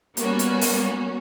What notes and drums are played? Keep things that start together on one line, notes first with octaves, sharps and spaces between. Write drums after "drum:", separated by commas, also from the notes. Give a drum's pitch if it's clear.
G3 A#3 B3 C#4 F#4, drum: hi-hat
drum: hi-hat
drum: open hi-hat